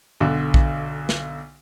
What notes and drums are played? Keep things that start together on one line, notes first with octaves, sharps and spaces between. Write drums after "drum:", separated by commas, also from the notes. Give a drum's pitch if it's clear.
B1 D3
drum: kick A#1
drum: snare